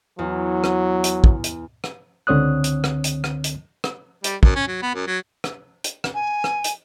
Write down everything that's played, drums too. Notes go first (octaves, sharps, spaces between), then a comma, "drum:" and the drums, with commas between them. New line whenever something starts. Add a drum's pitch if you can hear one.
E2 F#3
drum: rim click
drum: hi-hat
drum: kick
drum: hi-hat
drum: rim click
C#2 D3 C4 C#5 D#6 F#6
drum: hi-hat
drum: rim click
drum: hi-hat
drum: rim click
drum: hi-hat
drum: rim click
G3, drum: hi-hat
F#2, drum: kick
C#4
F#3
B3
F#2
F#3
drum: rim click
drum: hi-hat
drum: rim click
G#5
drum: rim click
drum: hi-hat